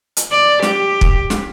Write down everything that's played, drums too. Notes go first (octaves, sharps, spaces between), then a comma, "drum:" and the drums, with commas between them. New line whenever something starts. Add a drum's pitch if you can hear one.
drum: hi-hat
D5
G4, drum: snare
drum: kick
drum: snare